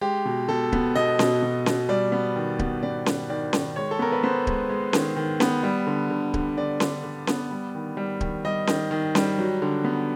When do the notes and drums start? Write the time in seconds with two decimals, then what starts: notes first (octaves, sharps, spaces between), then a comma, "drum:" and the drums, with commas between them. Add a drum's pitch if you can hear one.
0.01 G#3 G4
0.25 B2
0.49 B2 A4
0.72 B3, drum: kick D1
0.96 B2 D#5
1.19 B2, drum: snare C#4
1.42 B2
1.66 B2, drum: snare C#4
1.89 G3 D5
2.12 B3
2.36 D#3
2.59 B3, drum: kick D1
2.83 B3 D5
3.06 D#3, drum: snare C#4
3.30 D#3 D5
3.53 D#3, drum: snare C#4
3.76 G#3 C#5
3.91 A4
3.99 B3 A#4
4.12 B4
4.23 B3 C5
4.47 G#3, drum: kick D1
4.69 G#3
4.93 D#3, drum: snare C#4
5.16 D#3
5.40 B3, drum: snare C#4
5.63 G3
5.87 D3
6.10 D3
6.34 D3, drum: kick D1
6.57 D3 D5
6.80 D3, drum: snare C#4
7.04 D3
7.27 B3, drum: snare C#4
7.51 G3
7.75 D#3
7.97 G3
8.21 D#3, drum: kick D1
8.44 G3 D#5
8.67 D#3, drum: snare C#4
8.91 D#3
9.15 G3, drum: snare C#4
9.38 F#3
9.62 D3
9.85 B3